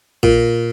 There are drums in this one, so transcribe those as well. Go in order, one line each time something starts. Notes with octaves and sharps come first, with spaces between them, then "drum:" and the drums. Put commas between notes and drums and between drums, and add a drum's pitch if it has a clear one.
A#2, drum: kick A#1